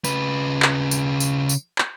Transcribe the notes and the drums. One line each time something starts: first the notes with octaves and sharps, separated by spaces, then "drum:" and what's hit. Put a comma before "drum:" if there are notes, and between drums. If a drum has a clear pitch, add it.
C#3 B4, drum: tambourine
drum: clap
drum: tambourine
drum: tambourine
drum: tambourine
drum: clap